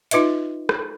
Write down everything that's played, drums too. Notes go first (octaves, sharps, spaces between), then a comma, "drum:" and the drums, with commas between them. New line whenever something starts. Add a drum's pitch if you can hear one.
D#4 F4 B4 D#5 E5, drum: hi-hat
drum: rim click